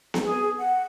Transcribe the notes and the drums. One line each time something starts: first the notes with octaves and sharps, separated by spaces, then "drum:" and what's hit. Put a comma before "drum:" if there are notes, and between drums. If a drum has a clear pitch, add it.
drum: snare B3
G#4
F#5